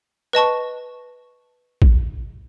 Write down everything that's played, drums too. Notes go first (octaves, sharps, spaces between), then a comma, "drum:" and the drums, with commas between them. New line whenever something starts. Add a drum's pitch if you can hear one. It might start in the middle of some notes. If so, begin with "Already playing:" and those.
B4 D#5 A5 C#6
drum: kick A1